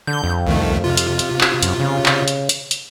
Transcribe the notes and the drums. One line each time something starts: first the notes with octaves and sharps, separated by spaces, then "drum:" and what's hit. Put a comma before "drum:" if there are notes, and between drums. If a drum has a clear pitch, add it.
D3 G6
F2
C2 D#3 A3
C3 F4
drum: hi-hat
drum: hi-hat
drum: clap
F#2, drum: hi-hat
C#3
drum: clap
drum: hi-hat
drum: hi-hat
drum: hi-hat